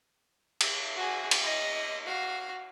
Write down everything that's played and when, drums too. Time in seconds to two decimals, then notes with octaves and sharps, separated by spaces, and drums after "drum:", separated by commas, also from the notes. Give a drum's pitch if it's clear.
0.61 drum: cymbal
0.96 F#4 G#4
1.31 drum: cymbal
1.43 D#5
2.05 F#4 F5